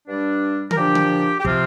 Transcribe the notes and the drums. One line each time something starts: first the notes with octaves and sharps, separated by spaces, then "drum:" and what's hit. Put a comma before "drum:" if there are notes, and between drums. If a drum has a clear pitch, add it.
G2 G3 D4
A#4, drum: tom D3
A#2 F3 D4 G4
drum: tom D3
G4
C3 F3 C4 F4, drum: kick